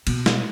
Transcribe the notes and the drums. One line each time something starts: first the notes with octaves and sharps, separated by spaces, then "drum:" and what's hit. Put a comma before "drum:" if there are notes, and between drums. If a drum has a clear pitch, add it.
B2, drum: cymbal
drum: snare